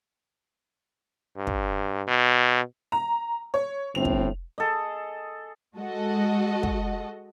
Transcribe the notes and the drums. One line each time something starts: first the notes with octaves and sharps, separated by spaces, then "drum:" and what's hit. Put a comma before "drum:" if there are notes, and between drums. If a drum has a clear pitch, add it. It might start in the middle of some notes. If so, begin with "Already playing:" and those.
G2
drum: kick
B2
A#5
C#5
G1 A2 C4 F7
drum: kick
G#4 A4 D#5
G#3 F#4 A4 D#5 F#5
drum: kick